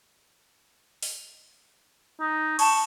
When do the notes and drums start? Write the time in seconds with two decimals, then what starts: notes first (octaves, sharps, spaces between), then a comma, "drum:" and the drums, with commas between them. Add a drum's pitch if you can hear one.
1.03 drum: open hi-hat
2.21 D#4
2.59 A5 C#6, drum: cymbal